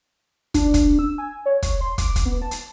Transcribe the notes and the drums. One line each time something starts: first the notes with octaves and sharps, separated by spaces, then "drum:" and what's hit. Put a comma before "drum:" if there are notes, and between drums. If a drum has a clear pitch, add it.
D4, drum: kick, hi-hat
drum: kick, hi-hat
E6
G#5
C#5
drum: kick, hi-hat
C6
D6, drum: kick, hi-hat
drum: kick, hi-hat
B3
A5
drum: hi-hat